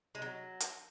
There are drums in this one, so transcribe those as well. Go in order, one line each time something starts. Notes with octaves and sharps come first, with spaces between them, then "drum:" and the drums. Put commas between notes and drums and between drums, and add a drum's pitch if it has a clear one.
G#3
F#3
drum: hi-hat